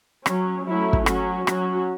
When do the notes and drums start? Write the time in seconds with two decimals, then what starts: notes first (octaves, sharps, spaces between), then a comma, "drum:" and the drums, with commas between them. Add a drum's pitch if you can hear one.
0.26 F#3 C#4, drum: rim click
0.66 F#3 A3 C#4 E4
0.93 drum: kick
1.06 F#3 C#4 F#4, drum: rim click
1.47 F#3 C#4 F#4, drum: rim click